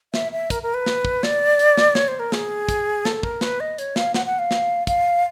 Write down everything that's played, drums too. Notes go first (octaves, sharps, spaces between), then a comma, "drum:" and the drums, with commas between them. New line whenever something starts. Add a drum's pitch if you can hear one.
E5, drum: snare
E5
A#4, drum: kick, hi-hat
A#4
B4
drum: snare
drum: kick
D5, drum: snare
drum: hi-hat
drum: snare
C#5, drum: snare
C5
A#4
G#4, drum: snare
drum: kick, hi-hat
A4, drum: snare
A#4, drum: kick
B4, drum: snare
D#5
C#5, drum: hi-hat
F5, drum: snare
F#5, drum: snare
F#5
F5
drum: snare
F5, drum: kick, hi-hat